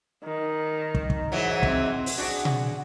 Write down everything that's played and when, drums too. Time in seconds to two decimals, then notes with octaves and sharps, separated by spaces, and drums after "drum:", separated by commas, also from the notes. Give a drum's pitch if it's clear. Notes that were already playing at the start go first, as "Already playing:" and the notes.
0.24 D#3
0.95 drum: kick
1.10 drum: kick
1.32 G#2 E3 F#3
1.63 C4, drum: kick
2.06 drum: open hi-hat
2.18 D4 F#4 G#4
2.45 drum: tom B2